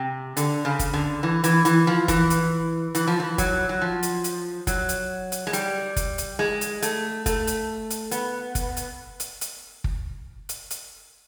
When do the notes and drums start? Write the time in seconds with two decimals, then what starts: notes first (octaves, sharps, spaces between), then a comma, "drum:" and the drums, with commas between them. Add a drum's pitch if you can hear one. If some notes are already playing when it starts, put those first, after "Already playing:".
Already playing: C3
0.37 D3, drum: hi-hat
0.65 C#3
0.79 drum: kick, hi-hat
0.94 D3
1.23 E3
1.44 E3, drum: hi-hat
1.65 E3, drum: hi-hat
1.87 F3
2.08 E3, drum: kick, hi-hat
2.30 drum: hi-hat
2.95 E3, drum: hi-hat
3.07 F3
3.20 E3
3.38 F#3, drum: kick, hi-hat
3.69 F#3
3.81 F3
4.03 drum: hi-hat
4.24 drum: hi-hat
4.67 F#3, drum: kick, hi-hat
4.89 drum: hi-hat
5.32 drum: hi-hat
5.47 G#3
5.53 G3, drum: hi-hat
5.96 drum: kick, hi-hat
6.18 drum: hi-hat
6.39 G#3
6.61 drum: hi-hat
6.82 A3, drum: hi-hat
7.26 A3, drum: kick, hi-hat
7.47 drum: hi-hat
7.90 drum: hi-hat
8.11 B3, drum: hi-hat
8.55 drum: kick, hi-hat
8.77 drum: hi-hat
9.20 drum: hi-hat
9.41 drum: hi-hat
9.84 drum: kick
10.49 drum: hi-hat
10.70 drum: hi-hat